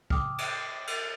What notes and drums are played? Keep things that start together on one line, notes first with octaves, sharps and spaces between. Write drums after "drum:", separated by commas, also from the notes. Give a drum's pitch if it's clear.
G5 D6 D#6 F6, drum: kick
drum: cymbal
drum: cymbal